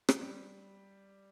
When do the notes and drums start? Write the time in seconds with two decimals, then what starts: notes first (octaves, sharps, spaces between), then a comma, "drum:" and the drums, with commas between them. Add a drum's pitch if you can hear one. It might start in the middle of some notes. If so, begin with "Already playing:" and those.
0.09 drum: rim click
0.21 G3